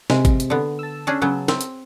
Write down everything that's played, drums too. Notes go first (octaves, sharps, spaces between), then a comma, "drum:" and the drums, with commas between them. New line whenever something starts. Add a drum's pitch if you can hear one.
C3 G#3, drum: snare
drum: kick G#1, hi-hat
drum: hi-hat
D3 B3
A5 E6
C#4 D4 G#4
C#3 F#3 B3
C4, drum: snare
drum: hi-hat